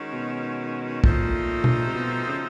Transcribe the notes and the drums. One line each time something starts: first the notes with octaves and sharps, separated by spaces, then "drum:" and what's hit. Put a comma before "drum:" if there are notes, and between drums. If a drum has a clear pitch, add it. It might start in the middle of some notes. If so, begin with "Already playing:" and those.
Already playing: D#3 G#3 C#4 F#4
B2
A#2 F3 A3 C4 D#4, drum: kick
drum: tom B2
C3
B2
C#3